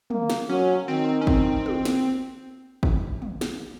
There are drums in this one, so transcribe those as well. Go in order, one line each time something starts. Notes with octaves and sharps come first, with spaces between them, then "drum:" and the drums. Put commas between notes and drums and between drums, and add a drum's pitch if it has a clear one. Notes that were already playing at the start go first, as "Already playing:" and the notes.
A#3, drum: tom
drum: snare
F#3 C#4
D#3 C4
C#4
C4, drum: kick
drum: tom
drum: snare
drum: kick
drum: tom
drum: snare